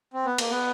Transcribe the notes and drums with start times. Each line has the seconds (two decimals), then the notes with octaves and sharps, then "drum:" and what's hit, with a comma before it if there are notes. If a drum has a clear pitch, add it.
0.13 C4
0.26 B3
0.38 A#3, drum: cymbal
0.51 B3